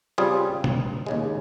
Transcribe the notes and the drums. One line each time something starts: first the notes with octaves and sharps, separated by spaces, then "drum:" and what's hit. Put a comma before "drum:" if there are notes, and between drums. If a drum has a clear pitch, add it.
C#3 G3 C4 F4 G#4
drum: tom
D#2 C#3 G#3